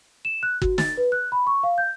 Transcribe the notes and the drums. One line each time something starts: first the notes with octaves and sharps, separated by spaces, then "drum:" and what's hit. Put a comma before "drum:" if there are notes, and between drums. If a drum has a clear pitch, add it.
E7
F#6
F#4, drum: kick
A6, drum: snare
B4
F#6
B5
C#6
F5
G6